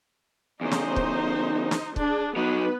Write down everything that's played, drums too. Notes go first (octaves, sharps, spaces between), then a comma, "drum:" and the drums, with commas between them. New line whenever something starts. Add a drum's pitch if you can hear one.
E2 C#3 D#4 C5
drum: snare
drum: kick
drum: snare
D4 G#4, drum: kick
F#3 B3 D#4 B4